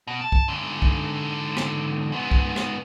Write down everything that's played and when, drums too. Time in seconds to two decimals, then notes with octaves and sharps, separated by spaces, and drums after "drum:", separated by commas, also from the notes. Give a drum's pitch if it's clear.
0.07 B2
0.21 A5
0.32 drum: kick
0.48 G#2 D3
0.82 drum: kick
1.57 drum: rim click
2.12 G#2 B3
2.31 drum: kick
2.56 drum: rim click